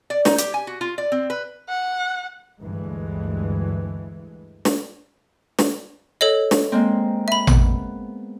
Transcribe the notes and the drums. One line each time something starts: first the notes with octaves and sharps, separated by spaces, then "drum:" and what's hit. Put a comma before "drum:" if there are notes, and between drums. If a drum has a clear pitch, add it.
D5
D#4, drum: snare
G4, drum: hi-hat
G#5
F#4
F4
D5
C4
B4
F#5
D2 G2 E3 G#3
drum: snare
drum: snare
A4 C#5 D#5
drum: snare
G#3 A#3 C4
E5 B5
B3, drum: tom A1